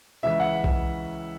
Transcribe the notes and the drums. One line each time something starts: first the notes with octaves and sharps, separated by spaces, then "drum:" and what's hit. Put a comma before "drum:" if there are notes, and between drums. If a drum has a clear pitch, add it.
C#2 C#3 E3 G#3 C#4 E5
F#5
drum: kick B1